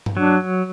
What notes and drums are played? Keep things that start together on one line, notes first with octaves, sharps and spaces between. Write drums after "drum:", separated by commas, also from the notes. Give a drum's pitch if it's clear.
drum: tom G2
F#3 D4